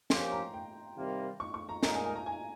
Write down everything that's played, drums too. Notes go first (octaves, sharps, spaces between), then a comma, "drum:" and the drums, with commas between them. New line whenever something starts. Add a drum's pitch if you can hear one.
F3 A#3 C#4 G4 C6, drum: snare
A#5
G5
C3 D#3 G3 A#3 F4
C#6
C#6
A#5
A#2 G#3 D#4 A#4 A#5, drum: snare
G#5
G#5
A#5
G#5